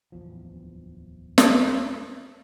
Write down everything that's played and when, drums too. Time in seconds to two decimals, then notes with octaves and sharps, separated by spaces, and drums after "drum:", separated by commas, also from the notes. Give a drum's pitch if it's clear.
0.12 D1 E2 F3
1.38 drum: snare